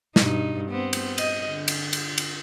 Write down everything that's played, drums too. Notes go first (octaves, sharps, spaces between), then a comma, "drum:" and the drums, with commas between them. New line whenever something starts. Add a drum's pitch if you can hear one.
G2 B2 D#4, drum: snare
B3 C4
drum: cymbal
D#5, drum: cymbal
D3
drum: cymbal
drum: cymbal
drum: cymbal